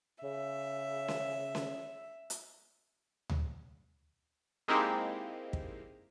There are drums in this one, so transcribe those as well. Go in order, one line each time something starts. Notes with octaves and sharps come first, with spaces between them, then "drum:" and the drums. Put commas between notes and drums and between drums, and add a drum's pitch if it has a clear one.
C#3 E5
drum: snare C#4
drum: snare C#4
drum: hi-hat
drum: tom D2
G#3 A#3 C4 D#4 E4 G4
drum: kick